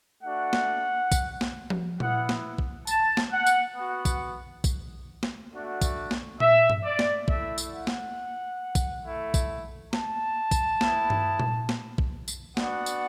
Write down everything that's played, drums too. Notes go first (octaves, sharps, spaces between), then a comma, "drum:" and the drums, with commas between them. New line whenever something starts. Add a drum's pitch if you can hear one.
A3 D4 F#4 F#5
drum: snare
drum: kick, tambourine
drum: snare
drum: tom F3
B3 E4 F#5, drum: tom A#2
drum: snare
drum: kick
A5, drum: tambourine
drum: snare
F#5
drum: tambourine
B3 F#4 F#5
drum: kick, tambourine
drum: kick, tambourine
drum: snare
A3 D4 F#4
drum: kick, tambourine
drum: snare
E5, drum: tom A#2
drum: tom G2
D5
drum: snare
A3 E4 E5, drum: kick
drum: tambourine
F#5
drum: snare
drum: kick, tambourine
A3 E4
drum: kick, tambourine
A5, drum: snare
drum: kick, tambourine
B3 E4, drum: snare
drum: tom G2
drum: tom A#2
drum: snare
drum: kick
drum: tambourine
B3 D4 F#4 F#5, drum: snare
drum: tambourine